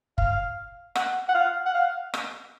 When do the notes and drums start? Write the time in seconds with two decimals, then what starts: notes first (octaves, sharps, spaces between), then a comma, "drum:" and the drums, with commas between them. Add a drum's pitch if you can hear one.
0.18 F5, drum: kick
0.95 F#5, drum: rim click
1.29 F#5
1.35 F5
1.66 F#5
1.74 F5
2.14 drum: rim click